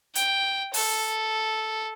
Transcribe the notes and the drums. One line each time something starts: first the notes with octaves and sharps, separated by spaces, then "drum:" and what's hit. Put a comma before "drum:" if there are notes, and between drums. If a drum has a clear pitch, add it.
G5, drum: hi-hat
A4, drum: open hi-hat